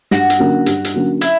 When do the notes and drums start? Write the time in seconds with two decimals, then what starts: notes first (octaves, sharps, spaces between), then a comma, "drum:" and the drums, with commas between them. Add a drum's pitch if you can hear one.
0.11 G2 F#4, drum: snare
0.30 drum: hi-hat
0.39 D3 F#3 A#3 C#4
0.66 G2, drum: hi-hat
0.85 drum: hi-hat
0.94 D3 F#3 A#3 C#4
1.21 E4, drum: hi-hat